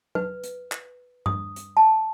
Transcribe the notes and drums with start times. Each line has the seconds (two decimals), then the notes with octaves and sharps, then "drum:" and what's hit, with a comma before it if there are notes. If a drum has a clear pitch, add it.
0.15 B4, drum: tom F#3
0.43 drum: hi-hat
0.72 drum: clap
1.26 D#6, drum: tom G2
1.56 drum: hi-hat
1.77 A5